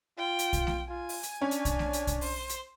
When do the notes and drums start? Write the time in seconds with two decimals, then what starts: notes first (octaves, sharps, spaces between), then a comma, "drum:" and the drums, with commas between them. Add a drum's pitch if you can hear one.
0.18 F4 G5
0.39 drum: hi-hat
0.53 drum: kick, hi-hat
0.67 drum: snare A3
0.89 F4 G#5
1.09 drum: open hi-hat
1.23 drum: hi-hat
1.41 C#4 D4
1.51 drum: hi-hat
1.65 drum: kick, hi-hat
1.79 drum: snare A3
1.93 drum: hi-hat
2.07 drum: kick, hi-hat
2.21 C5, drum: open hi-hat
2.49 drum: hi-hat